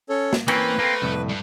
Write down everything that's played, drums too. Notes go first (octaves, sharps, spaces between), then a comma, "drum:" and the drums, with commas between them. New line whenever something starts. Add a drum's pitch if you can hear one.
C#4 A4 C#5
drum: snare
E3 A#3 C4 C#4 B4, drum: cymbal
A3 A#3 C4
C2 F2 A2
G2